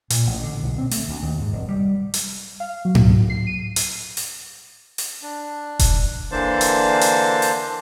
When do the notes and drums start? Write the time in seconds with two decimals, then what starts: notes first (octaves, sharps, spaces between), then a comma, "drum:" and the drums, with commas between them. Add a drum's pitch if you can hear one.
0.10 A#2, drum: hi-hat
0.27 A1
0.43 D3
0.63 B1
0.78 C4
0.91 A3, drum: open hi-hat
1.08 D2
1.23 D#2
1.40 G#2
1.53 F1
1.68 G3
2.14 drum: hi-hat
2.60 F5
2.85 F#3
2.95 drum: tom G#2
3.30 C7
3.47 D#7
3.76 drum: hi-hat
4.17 drum: open hi-hat
4.98 drum: open hi-hat
5.23 D4
5.79 drum: kick E1, hi-hat
6.32 D3 E3 A#3 D4 C5 A5
6.61 drum: hi-hat
7.01 drum: hi-hat
7.42 drum: open hi-hat